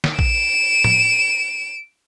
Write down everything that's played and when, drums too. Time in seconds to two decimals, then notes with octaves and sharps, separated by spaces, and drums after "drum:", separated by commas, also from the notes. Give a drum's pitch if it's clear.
0.04 drum: snare
0.19 D7 E7, drum: kick A#1
0.84 drum: tom A2